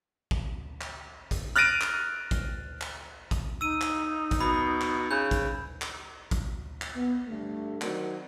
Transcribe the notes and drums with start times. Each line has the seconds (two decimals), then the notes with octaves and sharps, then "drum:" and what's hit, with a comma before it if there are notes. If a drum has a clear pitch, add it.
0.31 drum: kick
0.81 drum: clap
1.31 drum: kick, hi-hat
1.56 F6 F#6 A6 A#6 D7 D#7
1.81 drum: clap
2.31 drum: kick, hi-hat
2.81 drum: clap
3.31 drum: kick, hi-hat
3.61 D#4 E6 D#7
3.81 drum: clap
4.31 drum: kick, hi-hat
4.41 B2 B5
4.81 drum: clap
5.11 C#3 G6
5.31 drum: kick, hi-hat
5.81 drum: clap
6.31 drum: kick, hi-hat
6.81 drum: clap
6.95 B3
7.28 G2 D3 G3 A3
7.82 D#3 F#3 C4 F#4 A#4 D5, drum: clap